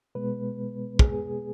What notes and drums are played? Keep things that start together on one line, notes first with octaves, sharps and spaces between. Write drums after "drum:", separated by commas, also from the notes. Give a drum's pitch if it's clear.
B2 G#3 B3 B4
G#4, drum: kick